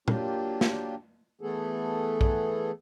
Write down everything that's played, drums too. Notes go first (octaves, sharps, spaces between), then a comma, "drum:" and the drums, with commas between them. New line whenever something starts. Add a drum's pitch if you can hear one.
F#3 A#3 D4 F4 G4, drum: tom
drum: snare
E3 A3 B3 G#4 A4
drum: kick